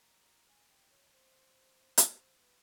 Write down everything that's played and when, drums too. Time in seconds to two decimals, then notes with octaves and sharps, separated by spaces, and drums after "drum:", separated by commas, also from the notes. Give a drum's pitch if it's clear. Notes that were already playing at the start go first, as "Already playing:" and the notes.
Already playing: A#5
0.48 G#5
0.68 G5
0.90 C#5
1.11 C5
1.98 drum: hi-hat
2.39 B4